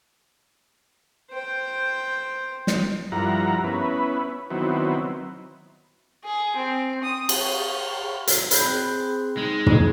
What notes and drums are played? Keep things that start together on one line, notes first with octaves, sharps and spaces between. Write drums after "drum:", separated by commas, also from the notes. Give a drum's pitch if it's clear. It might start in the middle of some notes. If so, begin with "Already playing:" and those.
C5 G5
drum: snare
G2 F3 E4 A#4 F#5 A#5
B3 C#4 E4 B4
D#3 F#3 B3 C4 E4
G#4
C4
D#6
drum: cymbal
drum: hi-hat
C4 G#4 B5 F#6 G6, drum: hi-hat
G#3 D#4
drum: tom